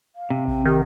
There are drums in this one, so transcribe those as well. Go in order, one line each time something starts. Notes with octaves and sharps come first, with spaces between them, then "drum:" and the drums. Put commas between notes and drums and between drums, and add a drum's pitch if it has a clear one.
F5
C3
C4, drum: kick A#1
D#3 G4